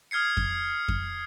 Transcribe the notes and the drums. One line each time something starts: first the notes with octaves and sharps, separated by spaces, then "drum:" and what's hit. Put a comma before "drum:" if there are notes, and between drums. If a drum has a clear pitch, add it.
D#6 F6 G#6 C7 C#7
drum: kick F2
drum: kick F2